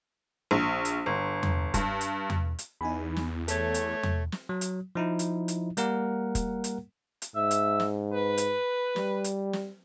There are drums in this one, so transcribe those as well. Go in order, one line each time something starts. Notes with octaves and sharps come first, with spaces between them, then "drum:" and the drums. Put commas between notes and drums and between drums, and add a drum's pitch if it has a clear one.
A#1
drum: hi-hat
G1
drum: tom E2
G2, drum: kick, hi-hat
drum: hi-hat
drum: tom E2
drum: hi-hat
E2 D#4 G#5 B5
drum: snare
A3 A4 C#5, drum: hi-hat
drum: hi-hat
drum: tom E2
drum: snare
F#3
drum: hi-hat
F3 D#4 E4
drum: hi-hat
drum: hi-hat
G3 A#3 A#4 F#5, drum: hi-hat
drum: kick, hi-hat
drum: hi-hat
drum: hi-hat
G#2 E5
drum: hi-hat
drum: snare
B4
drum: hi-hat
G3, drum: snare
drum: hi-hat
drum: snare